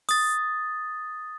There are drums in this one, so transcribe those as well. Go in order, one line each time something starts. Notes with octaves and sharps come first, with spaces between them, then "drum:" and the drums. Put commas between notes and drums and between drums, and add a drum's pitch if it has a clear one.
D#6 A6, drum: open hi-hat